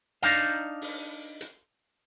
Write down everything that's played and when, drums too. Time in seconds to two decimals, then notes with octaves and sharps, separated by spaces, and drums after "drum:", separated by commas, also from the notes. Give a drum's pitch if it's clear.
0.22 D4 D#4 F5, drum: rim click
0.82 drum: open hi-hat
1.41 drum: hi-hat